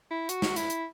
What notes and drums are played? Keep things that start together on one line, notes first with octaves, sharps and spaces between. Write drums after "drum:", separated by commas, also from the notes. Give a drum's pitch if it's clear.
E4
F#4, drum: hi-hat
drum: snare
E4, drum: hi-hat
drum: hi-hat